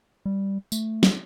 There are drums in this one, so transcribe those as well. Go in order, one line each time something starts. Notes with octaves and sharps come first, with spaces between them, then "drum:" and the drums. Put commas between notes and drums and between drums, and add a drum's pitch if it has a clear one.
G3
A3, drum: tambourine
drum: snare